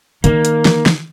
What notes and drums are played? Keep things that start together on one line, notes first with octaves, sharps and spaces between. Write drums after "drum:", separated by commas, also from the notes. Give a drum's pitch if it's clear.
D#3 A#3, drum: hi-hat
drum: hi-hat
drum: snare
drum: snare